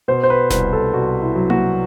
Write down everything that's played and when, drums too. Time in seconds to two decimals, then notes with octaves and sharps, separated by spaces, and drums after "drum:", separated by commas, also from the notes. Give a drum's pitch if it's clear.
0.08 B2 C5
0.23 C5
0.30 B4
0.50 C2 B4, drum: snare E1
0.73 A4
0.93 C2 F#4
1.22 E4
1.36 F#3
1.50 F#4, drum: tom A#3